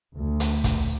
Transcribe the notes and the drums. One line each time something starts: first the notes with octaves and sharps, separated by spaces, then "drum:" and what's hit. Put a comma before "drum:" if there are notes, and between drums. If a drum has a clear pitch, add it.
D2
drum: hi-hat
drum: kick, hi-hat